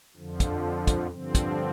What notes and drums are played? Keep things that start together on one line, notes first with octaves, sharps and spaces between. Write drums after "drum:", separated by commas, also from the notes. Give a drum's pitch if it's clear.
F2 D3 F3
drum: kick, hi-hat
drum: kick, hi-hat
G2 D3 F3 C4
drum: kick, hi-hat